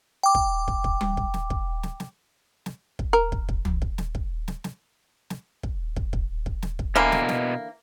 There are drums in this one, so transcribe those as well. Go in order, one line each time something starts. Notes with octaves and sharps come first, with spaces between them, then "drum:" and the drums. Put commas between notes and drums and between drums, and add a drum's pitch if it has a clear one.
G5 D6
drum: kick
drum: kick
drum: kick
drum: tom G3
drum: kick
drum: snare
drum: kick
drum: snare
drum: snare
drum: snare
drum: kick
A#4
drum: kick
drum: kick
drum: tom
drum: kick
drum: snare
drum: kick
drum: snare
drum: snare
drum: snare
drum: kick
drum: kick
drum: kick
drum: kick
drum: snare
drum: kick
B2 D3 E3 A#3 E4 A#5
drum: snare
drum: snare